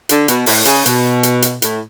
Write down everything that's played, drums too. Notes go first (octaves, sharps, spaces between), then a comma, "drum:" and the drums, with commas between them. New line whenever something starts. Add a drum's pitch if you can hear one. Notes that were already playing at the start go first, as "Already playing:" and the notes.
D3, drum: hi-hat
B2, drum: hi-hat
A2, drum: open hi-hat
C#3, drum: hi-hat
B2, drum: hi-hat
drum: hi-hat
drum: hi-hat
A2, drum: hi-hat